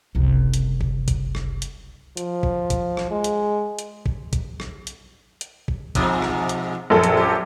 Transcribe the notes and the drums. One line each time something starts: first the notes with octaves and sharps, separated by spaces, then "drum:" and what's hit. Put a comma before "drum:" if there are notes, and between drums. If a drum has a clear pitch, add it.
F#1 C2
drum: hi-hat
drum: kick
drum: kick, hi-hat
drum: rim click
drum: hi-hat
F3, drum: hi-hat
drum: kick
drum: kick, hi-hat
drum: rim click
G#3
drum: hi-hat
drum: hi-hat
drum: kick
drum: kick, hi-hat
drum: rim click
drum: hi-hat
drum: hi-hat
drum: kick
G#2 B2 F3, drum: kick, hi-hat
drum: rim click
drum: hi-hat
A#1 F#2 A4
drum: hi-hat
G4